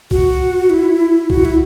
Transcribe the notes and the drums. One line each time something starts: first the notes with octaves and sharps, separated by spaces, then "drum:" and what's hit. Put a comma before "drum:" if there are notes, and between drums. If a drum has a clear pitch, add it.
F#4, drum: kick
E4
F#4, drum: kick
E4